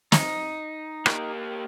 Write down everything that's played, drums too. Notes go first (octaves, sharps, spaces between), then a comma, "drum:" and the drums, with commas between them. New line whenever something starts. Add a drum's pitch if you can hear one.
D#4, drum: snare
A#3 G4, drum: rim click